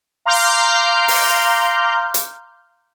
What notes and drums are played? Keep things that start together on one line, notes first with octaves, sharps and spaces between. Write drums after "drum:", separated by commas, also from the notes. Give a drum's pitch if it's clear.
F5 A#5 C6 D6 F6 G6
drum: open hi-hat
drum: hi-hat